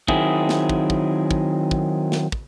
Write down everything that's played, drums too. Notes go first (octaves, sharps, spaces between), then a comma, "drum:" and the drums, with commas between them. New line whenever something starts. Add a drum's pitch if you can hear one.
D#3 F#3 C4 E4 G#4, drum: kick
drum: snare
drum: kick
drum: kick
drum: kick
drum: kick
drum: snare
drum: kick